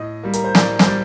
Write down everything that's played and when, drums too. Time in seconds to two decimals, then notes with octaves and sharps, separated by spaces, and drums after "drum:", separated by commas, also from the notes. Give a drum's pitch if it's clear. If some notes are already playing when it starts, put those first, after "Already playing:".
Already playing: A2 D#5
0.23 G3 A#3
0.33 A#4, drum: hi-hat
0.44 C5
0.55 A2 D5, drum: snare
0.79 C5, drum: snare
0.87 G3 D5